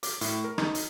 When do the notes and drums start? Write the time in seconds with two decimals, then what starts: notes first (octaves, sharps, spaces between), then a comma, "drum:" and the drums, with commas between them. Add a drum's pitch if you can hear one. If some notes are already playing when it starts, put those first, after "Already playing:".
0.03 D6, drum: hi-hat
0.21 A2, drum: hi-hat
0.44 A#4
0.58 D#4, drum: rim click
0.75 drum: hi-hat